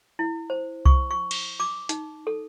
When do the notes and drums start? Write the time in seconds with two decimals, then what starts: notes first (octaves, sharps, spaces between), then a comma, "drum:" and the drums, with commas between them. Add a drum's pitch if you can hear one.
0.19 E4
0.50 C5
0.85 C#6, drum: kick C2
1.11 C#6
1.31 drum: cymbal
1.60 D6
1.89 D#4, drum: hi-hat
2.27 A4